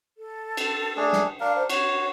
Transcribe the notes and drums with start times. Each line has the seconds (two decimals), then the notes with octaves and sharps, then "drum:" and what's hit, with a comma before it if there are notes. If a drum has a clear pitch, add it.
0.18 A4
0.57 drum: cymbal
0.97 A3 D4 G#4
1.13 drum: snare
1.40 D4 A#4 F5
1.56 C5
1.70 F#4 C#5, drum: cymbal